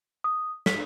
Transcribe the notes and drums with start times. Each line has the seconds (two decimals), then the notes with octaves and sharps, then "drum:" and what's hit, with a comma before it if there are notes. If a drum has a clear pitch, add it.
0.24 D#6
0.66 B6, drum: snare